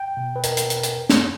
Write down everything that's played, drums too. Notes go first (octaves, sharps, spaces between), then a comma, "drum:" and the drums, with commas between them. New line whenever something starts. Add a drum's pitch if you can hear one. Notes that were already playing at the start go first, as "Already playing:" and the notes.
Already playing: G5
B2
B4
E2 A#4, drum: hi-hat
drum: hi-hat
B2, drum: hi-hat
drum: hi-hat
E2
drum: snare